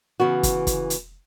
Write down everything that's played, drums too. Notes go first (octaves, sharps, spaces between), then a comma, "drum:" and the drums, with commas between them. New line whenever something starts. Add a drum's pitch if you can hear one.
C#3 E3 B3 F#4
drum: kick, hi-hat
drum: kick, hi-hat
drum: hi-hat